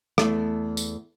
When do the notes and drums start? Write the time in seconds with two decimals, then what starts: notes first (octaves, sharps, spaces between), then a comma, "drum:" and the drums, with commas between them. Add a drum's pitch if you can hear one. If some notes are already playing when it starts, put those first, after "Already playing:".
0.18 E2 A3 A4, drum: rim click
0.77 drum: tambourine